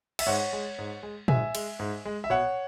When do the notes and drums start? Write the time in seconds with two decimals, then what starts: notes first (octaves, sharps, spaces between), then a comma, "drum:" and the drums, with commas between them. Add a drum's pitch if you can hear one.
0.19 E5, drum: cymbal
0.26 G#2 C#5 F#5
0.53 G#3
0.78 G#2
1.03 G#3
1.28 G#2 E5 G#5, drum: tom A#2
1.55 G#3, drum: cymbal
1.79 G#2
2.05 G#3
2.24 E5
2.30 B2 C#5 F#5